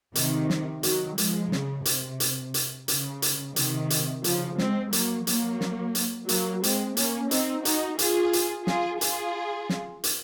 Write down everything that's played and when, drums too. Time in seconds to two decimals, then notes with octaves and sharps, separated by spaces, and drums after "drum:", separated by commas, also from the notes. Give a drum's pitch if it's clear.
0.15 C3 D#3, drum: hi-hat
0.50 drum: snare
0.83 D#3 F#3, drum: hi-hat
1.18 F3 G#3, drum: hi-hat
1.52 C#3, drum: snare
1.85 C3, drum: hi-hat
2.20 drum: hi-hat
2.54 drum: hi-hat
2.88 C#3, drum: hi-hat
3.22 drum: hi-hat
3.56 C3 D#3, drum: hi-hat
3.90 drum: hi-hat
4.24 C#3 F3, drum: hi-hat
4.58 G#3 C4, drum: snare
4.93 F#3 A#3, drum: hi-hat
5.27 F#3 A#3, drum: hi-hat
5.61 drum: snare
5.95 drum: hi-hat
6.29 F#3 A#3, drum: hi-hat
6.63 G#3 C4, drum: hi-hat
6.97 A#3 C#4, drum: hi-hat
7.31 C4 D#4, drum: hi-hat
7.65 D#4 F#4, drum: hi-hat
7.99 F4 G#4, drum: hi-hat
8.33 drum: hi-hat
8.67 F4 G#4, drum: snare
9.01 F4 G#4, drum: hi-hat
9.69 drum: snare
10.04 drum: hi-hat